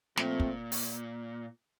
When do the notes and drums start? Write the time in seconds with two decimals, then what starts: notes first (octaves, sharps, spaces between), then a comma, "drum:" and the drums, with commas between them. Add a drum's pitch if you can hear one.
0.17 A#2 F3 A3 C4, drum: snare
0.40 drum: kick
0.72 drum: open hi-hat